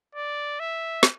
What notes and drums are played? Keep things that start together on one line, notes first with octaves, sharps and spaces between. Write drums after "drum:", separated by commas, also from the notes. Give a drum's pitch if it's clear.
D5
E5
drum: snare